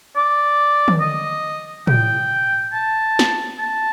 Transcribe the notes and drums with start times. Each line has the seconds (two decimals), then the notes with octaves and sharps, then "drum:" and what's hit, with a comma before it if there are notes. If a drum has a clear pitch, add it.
0.16 D5
0.88 drum: tom
1.01 D#5
1.87 G5, drum: tom
2.73 A5
3.19 drum: snare
3.59 A5